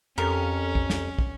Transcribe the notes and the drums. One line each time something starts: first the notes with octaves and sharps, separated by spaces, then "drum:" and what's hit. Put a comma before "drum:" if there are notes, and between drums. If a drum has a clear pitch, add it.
F2 C#4 G4 A4 A#4
drum: kick
drum: snare
drum: kick